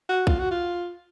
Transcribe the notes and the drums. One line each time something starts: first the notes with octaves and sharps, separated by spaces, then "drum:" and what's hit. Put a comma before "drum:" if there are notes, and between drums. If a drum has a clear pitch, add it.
F#4
F4, drum: kick B1
F#4
F4